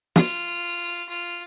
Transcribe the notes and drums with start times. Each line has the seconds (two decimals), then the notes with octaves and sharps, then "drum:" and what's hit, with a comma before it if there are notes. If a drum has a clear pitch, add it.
0.16 F4, drum: snare
1.09 F4